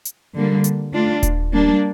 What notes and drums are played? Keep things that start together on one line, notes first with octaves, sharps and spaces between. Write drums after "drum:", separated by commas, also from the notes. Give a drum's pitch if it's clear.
drum: hi-hat
D3 G3 A#3
drum: hi-hat
A3 D4 F4
drum: kick D#1, hi-hat
G3 A#3 D4